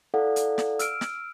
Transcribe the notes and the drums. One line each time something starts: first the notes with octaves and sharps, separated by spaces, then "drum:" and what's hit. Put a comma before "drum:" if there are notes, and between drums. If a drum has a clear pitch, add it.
E4 A4 D5 F5 F#5
drum: hi-hat
drum: snare
E6 F6 D7, drum: hi-hat
drum: snare